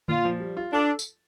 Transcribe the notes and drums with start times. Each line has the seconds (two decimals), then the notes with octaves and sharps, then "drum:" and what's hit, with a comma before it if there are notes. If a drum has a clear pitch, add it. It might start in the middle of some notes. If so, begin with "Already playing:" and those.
0.08 A#2 F4, drum: tom D3
0.25 F3
0.40 G3
0.57 F4
0.72 D4 A4
0.99 drum: tambourine